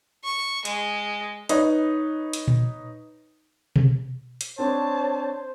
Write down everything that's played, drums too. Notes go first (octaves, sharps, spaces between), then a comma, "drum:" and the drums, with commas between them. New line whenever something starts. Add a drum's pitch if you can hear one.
C#6
G#3, drum: hi-hat
D#4 B4 C#5, drum: hi-hat
drum: hi-hat
drum: tom A#2
drum: tom B2
drum: hi-hat
C4 D4 C5 C#5 A5